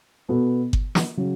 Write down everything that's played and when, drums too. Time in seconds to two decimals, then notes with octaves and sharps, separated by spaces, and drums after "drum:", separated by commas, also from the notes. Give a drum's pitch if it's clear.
0.29 B2 B3 F#4 A4
0.73 drum: kick G1
0.95 drum: snare
1.17 C#3 F#3